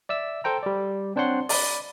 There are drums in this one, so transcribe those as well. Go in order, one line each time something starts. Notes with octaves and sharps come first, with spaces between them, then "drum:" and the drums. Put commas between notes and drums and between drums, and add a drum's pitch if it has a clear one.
D5 E5 E6
A4 C5 G5 A#5
G3 D5
C4 D4 C5 C#5 F#5 C6
D5 B5, drum: open hi-hat